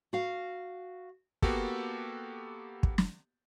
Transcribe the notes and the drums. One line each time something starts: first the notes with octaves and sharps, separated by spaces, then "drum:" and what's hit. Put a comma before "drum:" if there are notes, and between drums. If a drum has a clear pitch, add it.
F#4 F5
A#3 B3 F#4 G4 A4, drum: kick
drum: kick
drum: snare